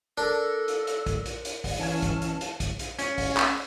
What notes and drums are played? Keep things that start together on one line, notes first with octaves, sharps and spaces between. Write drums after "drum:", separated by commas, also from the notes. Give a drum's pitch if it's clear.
D4 A4 A#4
drum: hi-hat
drum: hi-hat
drum: kick, hi-hat
drum: hi-hat
drum: hi-hat
drum: kick, open hi-hat
E3 C#4 B4 G#5 A5 G#6
drum: kick, hi-hat
drum: hi-hat
drum: hi-hat
drum: kick, hi-hat
drum: hi-hat
C#4, drum: hi-hat
drum: kick, open hi-hat
drum: clap